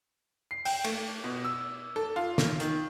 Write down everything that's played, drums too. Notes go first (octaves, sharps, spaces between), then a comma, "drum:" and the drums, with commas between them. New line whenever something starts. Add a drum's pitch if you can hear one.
C7
G5, drum: open hi-hat
A3, drum: cymbal
B2
E6
A4
F4
drum: snare
D#3, drum: hi-hat